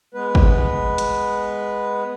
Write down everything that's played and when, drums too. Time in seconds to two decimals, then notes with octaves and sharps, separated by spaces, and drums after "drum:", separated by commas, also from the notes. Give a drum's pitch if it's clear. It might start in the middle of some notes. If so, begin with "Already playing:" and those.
0.14 G#3 B3 B4
0.35 drum: kick
0.98 drum: hi-hat